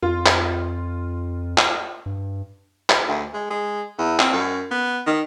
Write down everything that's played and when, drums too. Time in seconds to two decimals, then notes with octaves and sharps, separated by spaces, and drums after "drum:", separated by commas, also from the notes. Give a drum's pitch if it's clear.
0.02 F2 F4
0.26 drum: clap
1.58 drum: clap
2.06 G2
2.90 drum: clap
3.08 D2
3.34 G#3
3.50 G#3
3.98 E2
4.19 C4, drum: clap
4.33 F#2
4.71 B3
5.06 D#3